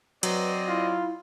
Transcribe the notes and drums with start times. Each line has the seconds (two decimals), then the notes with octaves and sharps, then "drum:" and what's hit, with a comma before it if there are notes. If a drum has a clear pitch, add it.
0.23 F#3 C4 B4 D5 D#5, drum: cymbal
0.68 E4 F4